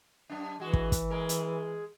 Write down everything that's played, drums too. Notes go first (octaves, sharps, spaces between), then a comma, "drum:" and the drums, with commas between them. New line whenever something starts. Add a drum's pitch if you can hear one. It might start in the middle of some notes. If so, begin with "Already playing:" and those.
F#2 D4
E3 G#3 F#4
drum: kick
drum: kick, hi-hat
G#3 A#4
drum: hi-hat